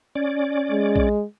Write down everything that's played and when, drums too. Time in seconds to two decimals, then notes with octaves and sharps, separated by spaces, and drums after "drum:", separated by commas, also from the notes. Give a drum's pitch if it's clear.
0.15 C#4 D5
0.71 G#3
0.96 drum: kick A#1